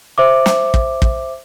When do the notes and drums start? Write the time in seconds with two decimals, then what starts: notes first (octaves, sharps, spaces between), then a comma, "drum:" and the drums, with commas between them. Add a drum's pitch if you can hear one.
0.18 C5 E5 D6
0.46 drum: snare
0.74 drum: kick
1.02 drum: kick